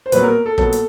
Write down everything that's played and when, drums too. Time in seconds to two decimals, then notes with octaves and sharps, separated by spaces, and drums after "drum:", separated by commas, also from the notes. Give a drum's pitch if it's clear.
0.06 C5
0.12 A#2 F#3 B3 B4, drum: hi-hat
0.23 A#4
0.46 A4
0.58 A#2 F#3 B3 A4, drum: kick
0.73 drum: hi-hat